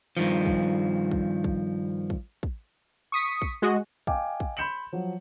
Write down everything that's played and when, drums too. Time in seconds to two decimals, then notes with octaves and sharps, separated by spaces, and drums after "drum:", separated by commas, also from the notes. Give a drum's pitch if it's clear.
0.17 G2 D#3 F3
0.46 drum: kick
1.11 drum: kick
1.44 drum: kick
2.10 drum: kick
2.43 drum: kick
3.12 C#6 D#6 B6 C#7
3.42 drum: kick
3.62 G#3 F#4 D#5
4.07 D#5 F5 G5 G#5 D6, drum: kick
4.40 drum: kick
4.57 B5 C6 G6 C#7 E7 F#7
4.93 F3 F#3